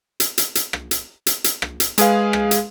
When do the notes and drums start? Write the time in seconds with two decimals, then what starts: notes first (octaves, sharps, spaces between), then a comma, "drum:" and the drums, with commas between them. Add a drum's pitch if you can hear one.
0.20 drum: hi-hat
0.38 drum: hi-hat
0.55 drum: hi-hat
0.73 drum: rim click
0.91 drum: hi-hat
1.26 drum: hi-hat
1.44 drum: hi-hat
1.62 drum: rim click
1.80 drum: hi-hat
1.98 G#3 G#4 B4 F5, drum: hi-hat
2.33 drum: rim click
2.51 drum: hi-hat